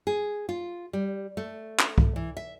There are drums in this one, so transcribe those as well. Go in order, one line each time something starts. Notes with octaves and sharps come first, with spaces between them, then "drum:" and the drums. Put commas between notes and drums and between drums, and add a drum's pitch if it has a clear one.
G#4
F4
G3
A3
drum: clap
drum: kick C2
E3
E5